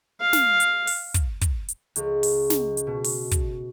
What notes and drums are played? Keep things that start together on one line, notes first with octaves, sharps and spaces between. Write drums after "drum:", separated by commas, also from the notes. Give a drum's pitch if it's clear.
F5
drum: snare
drum: hi-hat
drum: open hi-hat
drum: kick, hi-hat
drum: kick, hi-hat
drum: hi-hat
C#2, drum: hi-hat
drum: open hi-hat
drum: snare
drum: hi-hat
B2
drum: open hi-hat
drum: kick, hi-hat